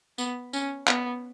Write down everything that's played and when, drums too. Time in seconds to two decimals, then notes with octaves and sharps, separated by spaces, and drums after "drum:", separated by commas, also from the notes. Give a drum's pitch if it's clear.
0.18 B3, drum: tambourine
0.53 C#4, drum: tambourine
0.87 B3, drum: clap